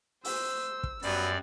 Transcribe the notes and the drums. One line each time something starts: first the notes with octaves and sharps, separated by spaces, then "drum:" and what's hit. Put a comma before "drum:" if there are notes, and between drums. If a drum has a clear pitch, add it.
C5 E6, drum: open hi-hat
drum: kick
F#2 F#3 G3 B3 D5, drum: hi-hat